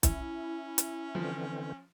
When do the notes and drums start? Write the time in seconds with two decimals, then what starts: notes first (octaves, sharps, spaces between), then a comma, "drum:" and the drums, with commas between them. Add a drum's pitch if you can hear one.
0.03 C#4 E4, drum: kick B1, hi-hat
0.78 drum: hi-hat
1.15 D3 E3 F3 C4